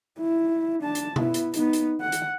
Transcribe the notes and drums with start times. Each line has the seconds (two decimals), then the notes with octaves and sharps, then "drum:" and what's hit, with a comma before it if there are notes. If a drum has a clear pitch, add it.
0.19 E4
0.83 D4 A5
0.95 drum: hi-hat
1.16 B3 E4, drum: tom B2
1.34 drum: hi-hat
1.54 B3 D#4, drum: hi-hat
1.73 drum: hi-hat
2.01 F#5
2.12 drum: hi-hat